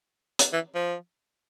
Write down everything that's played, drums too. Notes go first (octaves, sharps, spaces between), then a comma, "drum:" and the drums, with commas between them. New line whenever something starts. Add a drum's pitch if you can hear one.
drum: hi-hat
E3
F3